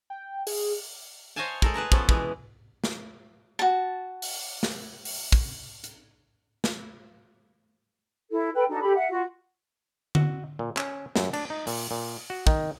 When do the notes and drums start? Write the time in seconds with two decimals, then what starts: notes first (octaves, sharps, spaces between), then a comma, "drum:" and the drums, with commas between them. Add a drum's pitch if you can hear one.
0.10 G5
0.47 G#4, drum: open hi-hat
1.36 C5 C#5 D#5 F5 G#5 A5
1.62 G#3 A4 A#4, drum: kick
1.74 G#4 B4 A5 A#5
1.92 F3 B3 C#4 A4 B4, drum: kick
2.09 B2 E3 G#3 B3, drum: kick
2.84 drum: snare
3.59 F#4 A5
4.22 drum: open hi-hat
4.63 drum: snare
5.05 drum: open hi-hat
5.32 drum: kick
5.84 drum: hi-hat
6.64 drum: snare
8.30 E4 A4
8.55 A4 B4 G5 B5
8.69 D4 D#4 F#4 A4
8.82 G4 A4 B5
8.95 E5 F#5
9.08 F4 F#4
10.15 F#4, drum: tom D3
10.59 A#2
10.77 C#4, drum: clap
11.16 F#2, drum: snare
11.33 D4, drum: cymbal
11.50 D#4
11.67 A#2, drum: open hi-hat
11.91 A#2
12.30 F#4
12.47 D#3, drum: kick